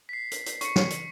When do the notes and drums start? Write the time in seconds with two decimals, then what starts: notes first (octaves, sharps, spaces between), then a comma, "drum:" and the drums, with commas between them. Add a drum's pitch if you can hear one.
0.09 B6 C7
0.31 drum: hi-hat
0.46 drum: hi-hat
0.61 C#6 C#7, drum: hi-hat
0.76 drum: snare
0.90 drum: hi-hat